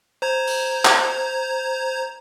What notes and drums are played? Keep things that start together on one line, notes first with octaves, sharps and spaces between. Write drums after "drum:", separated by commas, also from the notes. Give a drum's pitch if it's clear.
C5 A#5 G#6
drum: open hi-hat
drum: clap